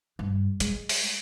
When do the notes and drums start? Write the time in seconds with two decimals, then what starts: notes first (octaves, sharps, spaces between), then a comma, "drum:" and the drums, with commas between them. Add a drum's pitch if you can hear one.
0.19 G2
0.60 G#3, drum: hi-hat
0.89 drum: open hi-hat